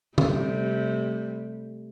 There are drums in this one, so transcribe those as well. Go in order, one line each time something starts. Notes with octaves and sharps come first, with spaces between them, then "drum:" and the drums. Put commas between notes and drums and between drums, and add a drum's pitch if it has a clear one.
C3 G3 A3, drum: tom